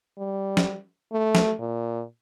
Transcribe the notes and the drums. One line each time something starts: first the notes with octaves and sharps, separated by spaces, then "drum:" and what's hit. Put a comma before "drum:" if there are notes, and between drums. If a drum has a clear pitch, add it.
G3
drum: snare
A3
drum: snare
A#2